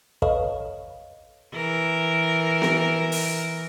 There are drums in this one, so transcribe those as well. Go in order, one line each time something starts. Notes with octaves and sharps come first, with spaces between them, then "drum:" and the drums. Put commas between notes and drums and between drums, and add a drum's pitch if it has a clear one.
A4 B4 C#5 D#5 F5, drum: kick
E3 A#4
drum: snare B3
drum: open hi-hat